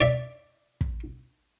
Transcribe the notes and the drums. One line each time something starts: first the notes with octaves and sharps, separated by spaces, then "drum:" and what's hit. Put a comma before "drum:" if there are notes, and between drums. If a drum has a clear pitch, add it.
D5 E5
drum: kick